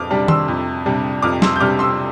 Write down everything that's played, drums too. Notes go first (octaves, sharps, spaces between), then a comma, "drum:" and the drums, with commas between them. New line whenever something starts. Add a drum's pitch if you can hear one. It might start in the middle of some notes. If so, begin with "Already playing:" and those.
Already playing: F2 D6 F6
C3 G3 D4
C6 E6, drum: tom D#3
F2
C3 G3 D4
F2 D6 F6
C6 E6, drum: snare
G6
C3 G3 D4 D6 F6
C6 E6